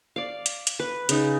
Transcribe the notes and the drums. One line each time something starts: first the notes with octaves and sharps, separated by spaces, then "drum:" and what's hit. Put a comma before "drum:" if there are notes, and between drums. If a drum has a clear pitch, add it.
D5 F5
drum: hi-hat
drum: hi-hat
B4
C#3 D#4, drum: hi-hat